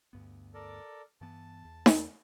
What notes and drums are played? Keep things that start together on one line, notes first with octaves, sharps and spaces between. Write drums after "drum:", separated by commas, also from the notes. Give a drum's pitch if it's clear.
D2 G2 B3
A4 A#4 D5
G2 E3 B3 A5
E2
drum: snare D#4